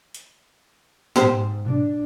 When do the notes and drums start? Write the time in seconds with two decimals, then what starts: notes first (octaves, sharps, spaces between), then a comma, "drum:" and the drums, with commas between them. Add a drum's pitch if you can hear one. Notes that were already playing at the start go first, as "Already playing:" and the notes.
0.14 drum: hi-hat
1.16 G#2 G4 C5, drum: snare
1.68 D4, drum: tom B2